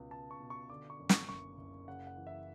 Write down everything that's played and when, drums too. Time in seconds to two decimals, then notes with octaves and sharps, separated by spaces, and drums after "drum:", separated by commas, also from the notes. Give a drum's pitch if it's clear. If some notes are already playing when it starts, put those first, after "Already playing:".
Already playing: C#2 B2
0.11 C#2 A5
0.31 C#6
0.40 B2
0.50 C#6
0.70 D3 D6
0.90 C#6
0.99 F#2
1.09 C#6, drum: snare
1.29 F#1 C#6
1.58 F#1
1.88 C#3 F#5
2.07 F#5
2.17 E3
2.27 E5